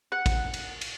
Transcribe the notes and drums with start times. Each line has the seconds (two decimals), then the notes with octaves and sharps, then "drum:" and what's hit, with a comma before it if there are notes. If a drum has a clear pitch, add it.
0.12 F#5
0.26 drum: kick, cymbal
0.54 drum: cymbal
0.81 drum: cymbal